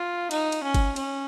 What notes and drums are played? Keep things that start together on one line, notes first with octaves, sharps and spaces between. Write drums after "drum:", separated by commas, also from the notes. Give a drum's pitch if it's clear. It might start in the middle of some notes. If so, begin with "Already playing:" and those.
Already playing: F4
D#4, drum: cymbal
drum: cymbal
C#4
drum: kick G1, cymbal
C#4, drum: cymbal